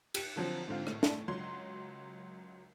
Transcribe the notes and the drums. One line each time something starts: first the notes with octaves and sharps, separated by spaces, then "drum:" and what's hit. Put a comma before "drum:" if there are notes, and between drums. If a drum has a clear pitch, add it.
G4 F#6 C#7, drum: cymbal
D3 F3 F#3 C4
G#2 D3 C4 F4
A2, drum: rim click
drum: snare
C#2 F#3 C6